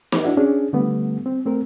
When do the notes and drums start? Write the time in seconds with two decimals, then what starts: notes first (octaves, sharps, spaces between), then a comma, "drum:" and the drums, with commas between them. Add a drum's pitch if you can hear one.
0.12 drum: snare
0.24 D4 E4 F#4 E5
0.37 C#4 D4 G#4
0.73 D3 G3 A3 B3
1.26 C4
1.45 A3 C4 A#4